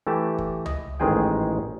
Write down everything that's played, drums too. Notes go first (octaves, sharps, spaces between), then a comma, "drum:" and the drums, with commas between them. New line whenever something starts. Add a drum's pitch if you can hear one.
E3 A3 G4 A5
drum: kick
D#5, drum: tom C#2
A1 G#2 D#3 G#3 G#4 G5